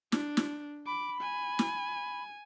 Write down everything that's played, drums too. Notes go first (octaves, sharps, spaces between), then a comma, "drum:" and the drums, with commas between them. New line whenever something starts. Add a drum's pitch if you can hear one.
D4, drum: snare
drum: snare
B5 D6
G#5
drum: snare